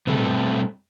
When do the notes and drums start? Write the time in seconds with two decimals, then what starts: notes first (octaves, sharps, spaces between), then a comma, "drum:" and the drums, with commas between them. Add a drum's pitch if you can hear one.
0.07 B2 G3 A3 C4 G4 A4, drum: tom